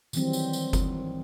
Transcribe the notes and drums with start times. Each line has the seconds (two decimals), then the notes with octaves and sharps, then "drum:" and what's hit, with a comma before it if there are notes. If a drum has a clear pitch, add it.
0.13 D#3 E3 F#3 G3 C4, drum: tambourine
0.33 drum: tambourine
0.53 drum: tambourine
0.73 drum: kick F#1, tambourine